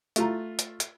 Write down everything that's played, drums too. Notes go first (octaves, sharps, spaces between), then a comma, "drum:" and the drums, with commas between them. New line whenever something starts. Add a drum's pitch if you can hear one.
A3 F4 A#5, drum: hi-hat
drum: hi-hat
drum: hi-hat